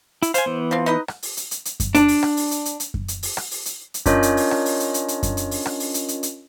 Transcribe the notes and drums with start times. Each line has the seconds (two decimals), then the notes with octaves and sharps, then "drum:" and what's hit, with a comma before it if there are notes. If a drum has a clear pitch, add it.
0.22 E4, drum: hi-hat
0.34 C5 F5 G#5, drum: hi-hat
0.46 E3 B3
0.71 F3 C4
0.86 D#4 B4 D#5
1.08 drum: rim click
1.23 drum: open hi-hat
1.37 drum: hi-hat
1.51 drum: hi-hat
1.65 drum: hi-hat
1.80 drum: kick F#2, hi-hat
1.95 D4, drum: hi-hat
2.08 drum: open hi-hat
2.23 drum: rim click
2.37 drum: open hi-hat
2.51 drum: hi-hat
2.65 drum: hi-hat
2.80 drum: hi-hat
2.94 drum: kick F#2
3.08 drum: hi-hat
3.23 drum: open hi-hat
3.37 drum: rim click
3.51 drum: open hi-hat
3.65 drum: hi-hat
3.94 drum: hi-hat
4.06 C#4 D4 F4 A#4 C#5 D#5, drum: kick F#2, hi-hat
4.23 drum: hi-hat
4.37 drum: open hi-hat
4.51 drum: rim click
4.66 drum: open hi-hat
4.80 drum: hi-hat
4.94 drum: hi-hat
5.08 drum: hi-hat
5.23 drum: kick F#2, hi-hat
5.37 drum: hi-hat
5.51 drum: open hi-hat
5.66 drum: rim click
5.80 drum: open hi-hat
5.94 drum: hi-hat
6.08 drum: hi-hat
6.23 drum: hi-hat